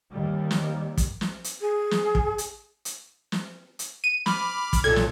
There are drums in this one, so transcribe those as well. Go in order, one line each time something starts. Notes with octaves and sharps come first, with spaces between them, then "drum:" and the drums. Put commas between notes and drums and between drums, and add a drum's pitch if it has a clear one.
D#2 D#3 G3
drum: snare
drum: kick, hi-hat
drum: snare
drum: hi-hat
G#4
drum: snare
drum: kick
drum: hi-hat
drum: hi-hat
drum: snare
drum: hi-hat
D#7
B5 D6 F6, drum: snare
drum: kick, hi-hat
B1 A#2 A4 G#6
drum: snare